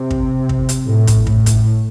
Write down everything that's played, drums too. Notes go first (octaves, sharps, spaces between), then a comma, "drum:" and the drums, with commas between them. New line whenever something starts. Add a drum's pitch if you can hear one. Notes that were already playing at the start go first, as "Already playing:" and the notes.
Already playing: C3
drum: kick
drum: kick
drum: hi-hat
A2
drum: kick, hi-hat
A2, drum: kick
drum: kick, hi-hat